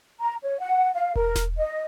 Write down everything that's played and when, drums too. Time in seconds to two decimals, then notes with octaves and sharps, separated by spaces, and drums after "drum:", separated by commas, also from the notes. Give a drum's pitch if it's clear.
0.21 A#5
0.44 C#5
0.60 F#5
0.95 F5
1.16 A#4, drum: kick E1
1.36 drum: snare E1
1.58 D#5